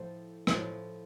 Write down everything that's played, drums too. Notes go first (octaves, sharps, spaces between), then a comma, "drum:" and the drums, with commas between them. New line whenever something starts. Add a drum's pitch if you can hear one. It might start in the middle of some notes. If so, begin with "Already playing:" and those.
Already playing: A2 F3 A4 C5
A2 F3, drum: rim click